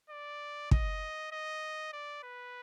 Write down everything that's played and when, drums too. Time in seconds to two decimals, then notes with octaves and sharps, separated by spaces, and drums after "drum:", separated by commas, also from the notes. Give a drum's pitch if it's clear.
0.10 D5
0.71 D#5, drum: kick
1.32 D#5
1.93 D5
2.23 B4